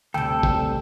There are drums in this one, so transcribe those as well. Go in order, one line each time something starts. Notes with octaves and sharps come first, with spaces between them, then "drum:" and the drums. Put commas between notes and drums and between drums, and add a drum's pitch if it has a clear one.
D2 G2 C3 A4 G5
drum: kick